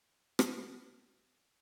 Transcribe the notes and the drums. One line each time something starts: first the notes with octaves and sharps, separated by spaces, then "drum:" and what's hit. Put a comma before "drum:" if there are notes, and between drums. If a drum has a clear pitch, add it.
F2 G#2 E4 D5 G6
drum: rim click
G#4 A#4 C5 E5 G5 G#5